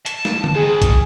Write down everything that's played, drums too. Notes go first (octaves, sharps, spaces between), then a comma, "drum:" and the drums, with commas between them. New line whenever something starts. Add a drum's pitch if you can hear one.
A5, drum: hi-hat
drum: snare
drum: tom D3
G#2 D#3 G#4
drum: kick B1, hi-hat